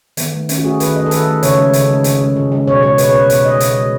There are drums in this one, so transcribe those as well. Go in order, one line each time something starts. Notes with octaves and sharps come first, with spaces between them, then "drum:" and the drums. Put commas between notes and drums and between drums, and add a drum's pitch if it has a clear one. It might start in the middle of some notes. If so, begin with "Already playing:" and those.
D#3 B3, drum: hi-hat
A3
D#3 C#4, drum: hi-hat
F#4
A3 G#4
D#3 B4, drum: hi-hat
A3 D#5
A4
D#3 B4, drum: hi-hat
A3
C#3 C#5, drum: hi-hat
G#3
C#3, drum: hi-hat
G#3
C#3, drum: hi-hat
G#3
C#3
G#3
B2 C#5
G#3 C#5
B2 B4, drum: hi-hat
C#5
G#3 B4
B2 C#5, drum: hi-hat
G#3 D#5
B2, drum: hi-hat
G#3